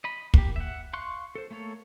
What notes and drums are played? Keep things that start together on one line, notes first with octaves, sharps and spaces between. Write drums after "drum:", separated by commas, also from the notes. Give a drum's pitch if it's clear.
D#5 B5
A#3 G4, drum: kick
E5 F#5
F5 C6 C#6 F#6
A4 C5
A3 A#3 A4 C#5